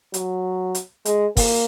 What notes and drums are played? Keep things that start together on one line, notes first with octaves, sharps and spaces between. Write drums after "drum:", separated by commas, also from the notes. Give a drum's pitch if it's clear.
F#3, drum: hi-hat
drum: hi-hat
G#3, drum: hi-hat
A#3, drum: kick, open hi-hat